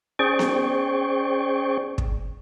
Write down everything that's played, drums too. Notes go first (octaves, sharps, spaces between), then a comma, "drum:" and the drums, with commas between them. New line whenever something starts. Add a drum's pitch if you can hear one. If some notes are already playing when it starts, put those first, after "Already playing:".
C#4 G#4 C5 D5 G5 C#6
drum: snare B3
drum: kick